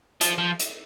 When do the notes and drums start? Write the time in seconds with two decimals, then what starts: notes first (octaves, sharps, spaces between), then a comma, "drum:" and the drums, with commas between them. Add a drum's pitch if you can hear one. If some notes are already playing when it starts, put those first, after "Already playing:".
0.21 F3, drum: hi-hat
0.38 F3
0.59 drum: hi-hat